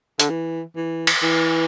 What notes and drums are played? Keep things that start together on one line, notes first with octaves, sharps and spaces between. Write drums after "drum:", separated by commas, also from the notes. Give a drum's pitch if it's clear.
D3, drum: hi-hat
E3
E3
drum: cymbal
E3